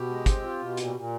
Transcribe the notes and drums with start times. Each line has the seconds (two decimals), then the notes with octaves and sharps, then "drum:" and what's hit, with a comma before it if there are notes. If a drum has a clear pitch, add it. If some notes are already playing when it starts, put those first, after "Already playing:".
Already playing: B2 G4
0.09 G#3
0.26 C4, drum: kick, hi-hat
0.43 F4
0.60 B2
0.77 A#2, drum: hi-hat
0.95 A#2